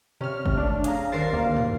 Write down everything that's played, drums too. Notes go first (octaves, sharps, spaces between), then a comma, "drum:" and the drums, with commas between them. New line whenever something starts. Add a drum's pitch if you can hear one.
C3 C#4 F6
drum: kick G1
A3 D4
G#4 F5 A#5, drum: hi-hat
D#1 A#4 C5 A6 C7
D2 A#3 F5
drum: tom